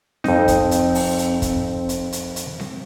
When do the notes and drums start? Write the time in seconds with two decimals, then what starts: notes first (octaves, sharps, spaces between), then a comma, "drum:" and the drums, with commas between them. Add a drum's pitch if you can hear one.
0.24 F2 C4 D#4, drum: snare C4
0.48 drum: kick, hi-hat
0.71 drum: hi-hat
0.95 drum: open hi-hat
1.18 drum: hi-hat
1.42 drum: kick, hi-hat
1.89 drum: hi-hat
2.12 drum: hi-hat
2.36 drum: hi-hat
2.60 drum: snare C4